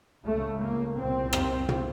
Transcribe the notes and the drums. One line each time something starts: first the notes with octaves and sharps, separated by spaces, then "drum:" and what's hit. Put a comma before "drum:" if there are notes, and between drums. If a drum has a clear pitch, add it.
C#2 C#3 A3
A#3
C2 A#2 C4
drum: rim click
drum: tom